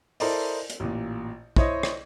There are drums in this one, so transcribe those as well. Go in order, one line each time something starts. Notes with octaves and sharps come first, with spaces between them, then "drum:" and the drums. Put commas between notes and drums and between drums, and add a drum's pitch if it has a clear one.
E4 A4 A#4 C5 D5 D#5, drum: open hi-hat
drum: hi-hat
A1 A#2
E4 C5 C#5 D#5, drum: kick
drum: rim click